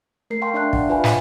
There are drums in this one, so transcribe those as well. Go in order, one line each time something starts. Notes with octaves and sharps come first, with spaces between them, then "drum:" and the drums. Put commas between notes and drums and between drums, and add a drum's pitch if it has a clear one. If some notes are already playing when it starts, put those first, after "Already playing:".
A3 A#4 C7
F5 G5 A5 C6 C#6
D4 D5 E5 A5 F#6
E5 F#5, drum: kick
F4 B4 F5 G#5 B5
F#5, drum: snare